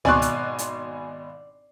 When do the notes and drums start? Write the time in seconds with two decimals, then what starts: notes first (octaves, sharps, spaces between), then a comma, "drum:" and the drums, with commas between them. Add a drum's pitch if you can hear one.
0.05 G#1 B2 D5 G#5 A5 C6 C#6 F#6, drum: tom C#2
0.22 drum: hi-hat
0.59 drum: hi-hat